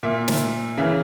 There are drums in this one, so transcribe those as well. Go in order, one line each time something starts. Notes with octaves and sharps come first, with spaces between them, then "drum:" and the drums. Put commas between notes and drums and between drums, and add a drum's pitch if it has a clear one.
A#2 A#3 E5
drum: snare
C#3 E3 A#3 E5